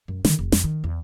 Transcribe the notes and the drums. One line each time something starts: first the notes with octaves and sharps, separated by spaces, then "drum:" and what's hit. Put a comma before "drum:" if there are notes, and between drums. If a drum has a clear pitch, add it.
F#2
D3 D#3, drum: snare
F1
F2, drum: snare
D#3
E2